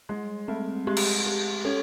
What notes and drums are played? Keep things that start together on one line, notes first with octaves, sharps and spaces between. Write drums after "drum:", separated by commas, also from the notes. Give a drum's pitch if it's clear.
G3 G#3
A3 C4
G#3 G4
drum: cymbal
G4
C#4 A4